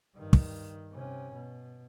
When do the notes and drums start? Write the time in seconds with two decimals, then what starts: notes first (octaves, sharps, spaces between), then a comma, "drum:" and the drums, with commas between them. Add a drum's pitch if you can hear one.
0.15 G2 D#3
0.33 drum: kick
0.92 C3 C#4
1.34 B2